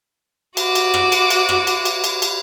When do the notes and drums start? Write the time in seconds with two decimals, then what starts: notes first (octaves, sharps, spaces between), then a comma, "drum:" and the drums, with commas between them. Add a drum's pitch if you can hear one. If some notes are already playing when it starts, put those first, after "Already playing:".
0.57 F#4 D6, drum: cymbal
0.75 drum: cymbal
0.94 drum: rim click
1.12 drum: cymbal
1.30 drum: cymbal
1.49 drum: rim click
1.67 drum: cymbal
1.85 drum: cymbal
2.04 drum: cymbal
2.22 drum: cymbal